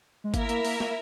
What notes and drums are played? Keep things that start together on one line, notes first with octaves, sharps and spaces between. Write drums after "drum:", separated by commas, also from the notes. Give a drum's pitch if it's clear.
G#3
A#3 E4 A#4 E5, drum: kick G#1, hi-hat
A#3, drum: hi-hat
A#3, drum: open hi-hat
A#3, drum: snare